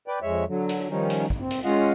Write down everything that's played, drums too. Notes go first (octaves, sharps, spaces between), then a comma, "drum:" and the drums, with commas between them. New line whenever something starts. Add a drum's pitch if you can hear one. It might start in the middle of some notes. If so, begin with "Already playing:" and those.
B4 D5 G5
F2 G#3 C#5 E5
D3 F#3
drum: hi-hat
D#3 F3 G3 C#4 D#4
drum: hi-hat
drum: kick
C4
drum: hi-hat
G#3 C#4 F4 D#5 F5 F#5